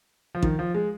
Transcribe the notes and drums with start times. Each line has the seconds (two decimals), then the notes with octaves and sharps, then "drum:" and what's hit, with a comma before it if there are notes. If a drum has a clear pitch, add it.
0.35 F3
0.43 D#3, drum: kick A1
0.59 F3
0.75 G#3